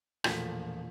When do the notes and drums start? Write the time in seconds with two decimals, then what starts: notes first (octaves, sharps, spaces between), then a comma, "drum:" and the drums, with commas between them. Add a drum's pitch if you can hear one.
0.24 E1 A#2 F3 A3 B6, drum: rim click